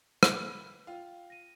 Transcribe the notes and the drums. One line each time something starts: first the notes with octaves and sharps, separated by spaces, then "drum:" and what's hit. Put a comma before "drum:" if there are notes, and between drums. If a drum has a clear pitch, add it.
B4 D6 F6 B6, drum: rim click
B5 F6
F4 G5
A#6 D#7